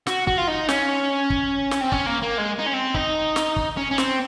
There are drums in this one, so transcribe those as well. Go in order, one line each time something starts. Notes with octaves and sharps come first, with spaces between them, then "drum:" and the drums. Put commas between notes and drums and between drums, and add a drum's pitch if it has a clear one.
F#4, drum: snare
F#4, drum: kick
F4
D#4
C#4, drum: snare
drum: kick
drum: snare
C4
C#4, drum: kick
A#3
A#3
G#3
D#4
C#4
C4
D#4, drum: kick
drum: snare
drum: kick
C#4
C#4
C4, drum: snare